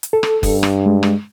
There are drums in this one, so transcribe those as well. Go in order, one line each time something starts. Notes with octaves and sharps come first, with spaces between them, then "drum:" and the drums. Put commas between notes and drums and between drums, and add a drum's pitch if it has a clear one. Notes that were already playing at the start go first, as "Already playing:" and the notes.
drum: hi-hat
A4
drum: rim click
G2, drum: kick F#1, open hi-hat
drum: rim click
G#3
drum: rim click